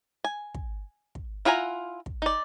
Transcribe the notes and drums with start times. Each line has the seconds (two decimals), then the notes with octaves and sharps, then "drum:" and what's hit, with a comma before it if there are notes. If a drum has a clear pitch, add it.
0.24 G#5
0.54 drum: kick
1.15 drum: kick
1.45 E4 F4 F#5 G#5 A#5
2.06 drum: kick
2.22 D#4 D5